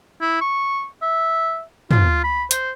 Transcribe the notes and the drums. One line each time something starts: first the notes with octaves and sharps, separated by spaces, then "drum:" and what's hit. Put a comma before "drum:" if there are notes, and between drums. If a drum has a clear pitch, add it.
E4
C#6
E5
F4, drum: tom
B5
C5, drum: hi-hat